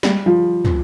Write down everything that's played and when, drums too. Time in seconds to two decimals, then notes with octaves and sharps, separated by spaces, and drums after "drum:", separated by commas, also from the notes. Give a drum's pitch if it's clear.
0.03 G3, drum: snare
0.26 F3
0.65 drum: tom